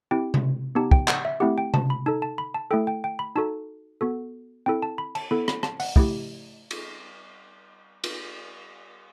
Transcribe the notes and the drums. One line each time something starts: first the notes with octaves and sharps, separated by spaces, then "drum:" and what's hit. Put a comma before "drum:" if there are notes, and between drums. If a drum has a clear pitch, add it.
C4 E4 G4 G5
drum: tom C3
B3 D#4 G4 A5
G5, drum: kick
F#5, drum: clap
E5
A3 C4 E4 G4 F#5
G5
A5, drum: tom C3
B5
D#4 A4 A5
A5
B5
A5
A3 E4 A4 G5
G5
G5
B5
D#4 F#4 A4 A5
B3 F#4 A4
C4 E4 A4 G5
A5
B5
A5, drum: cymbal
B3 E4 A4 B5
B5, drum: rim click
A5, drum: rim click
F#5, drum: open hi-hat
A3 E4 G4, drum: kick
drum: cymbal
drum: cymbal